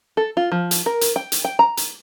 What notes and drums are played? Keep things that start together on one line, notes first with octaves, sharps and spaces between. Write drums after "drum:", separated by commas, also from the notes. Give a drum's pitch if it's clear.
A4
F4
F3
drum: hi-hat
A#4
drum: hi-hat
G5
drum: hi-hat
G5
A#5
drum: hi-hat